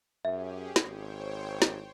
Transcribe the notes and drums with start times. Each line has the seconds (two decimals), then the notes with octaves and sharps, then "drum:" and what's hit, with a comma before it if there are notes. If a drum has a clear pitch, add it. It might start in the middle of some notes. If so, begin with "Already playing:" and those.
0.25 F#2 C#4 G4 G#4 E5
0.76 drum: snare
0.85 G#1 C5 C#5 G5
1.62 drum: snare